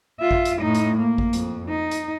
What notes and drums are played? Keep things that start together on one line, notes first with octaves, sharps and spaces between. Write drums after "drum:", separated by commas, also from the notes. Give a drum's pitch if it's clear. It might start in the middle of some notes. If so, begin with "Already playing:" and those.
F4 E5
drum: kick G#1
drum: hi-hat
A2 D#4
drum: hi-hat
A#3
drum: kick G#1
F2, drum: hi-hat
D#4
drum: hi-hat